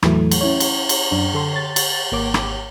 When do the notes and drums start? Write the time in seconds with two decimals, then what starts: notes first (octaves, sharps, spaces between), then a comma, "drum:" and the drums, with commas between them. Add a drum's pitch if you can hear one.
0.03 E2 A2 E3 F#3 A3, drum: rim click
0.31 drum: cymbal
0.41 C#4 E4 C#5
0.60 drum: cymbal
0.89 drum: cymbal
1.11 F#2 D4
1.33 D3 A4 C6
1.53 C#5 A6
1.76 drum: cymbal
2.12 G#1 A#3 C#5 D6
2.34 drum: rim click